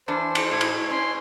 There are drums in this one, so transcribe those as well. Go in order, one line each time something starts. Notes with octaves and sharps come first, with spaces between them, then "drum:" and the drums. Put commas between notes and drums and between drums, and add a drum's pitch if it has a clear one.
E2 D4 C5
C#7, drum: cymbal
A2 G#6
drum: cymbal
C#4 C6